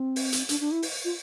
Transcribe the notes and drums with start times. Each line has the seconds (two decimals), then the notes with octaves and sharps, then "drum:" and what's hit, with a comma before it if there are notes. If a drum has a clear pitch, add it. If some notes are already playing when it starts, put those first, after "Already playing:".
Already playing: C4
0.16 drum: open hi-hat
0.33 drum: hi-hat
0.49 D4, drum: hi-hat
0.60 D4
0.71 E4
0.82 drum: open hi-hat
1.04 F4